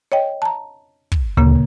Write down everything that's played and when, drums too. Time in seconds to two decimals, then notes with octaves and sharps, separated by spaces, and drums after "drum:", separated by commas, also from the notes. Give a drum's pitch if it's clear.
0.12 C#5 D#5 G5
0.42 A5 A#5
1.12 drum: kick
1.37 D2 A#2 C#3 A#3